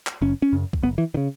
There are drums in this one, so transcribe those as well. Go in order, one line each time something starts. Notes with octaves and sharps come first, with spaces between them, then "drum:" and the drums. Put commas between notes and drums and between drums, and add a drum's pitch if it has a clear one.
drum: clap
F#1 C#4
C#4
F#2 C#3
drum: kick C2
F#1 B3
E3
D#3
C#3